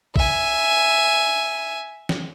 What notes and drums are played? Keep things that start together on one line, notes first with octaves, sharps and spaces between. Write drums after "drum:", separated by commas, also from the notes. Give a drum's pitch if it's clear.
E5 G#5, drum: kick
drum: snare